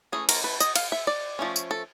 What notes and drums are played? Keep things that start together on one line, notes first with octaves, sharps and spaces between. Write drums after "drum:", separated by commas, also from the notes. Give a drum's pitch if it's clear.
E3 A3 C#4 G#4
A#4, drum: cymbal
B4
D#5, drum: tambourine
F5, drum: cymbal
E5
D5
F3 A3 C#4
drum: tambourine
A4